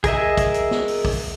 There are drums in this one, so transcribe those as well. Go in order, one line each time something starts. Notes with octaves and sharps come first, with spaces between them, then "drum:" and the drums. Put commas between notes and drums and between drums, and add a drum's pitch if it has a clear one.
G#4 A#4 D#5 E5, drum: kick, hi-hat
drum: kick, hi-hat
drum: hi-hat
drum: snare
drum: open hi-hat
drum: kick, open hi-hat